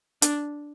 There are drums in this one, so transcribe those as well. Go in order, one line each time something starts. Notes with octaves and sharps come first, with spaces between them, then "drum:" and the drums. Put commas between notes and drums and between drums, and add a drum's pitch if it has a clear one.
D4, drum: hi-hat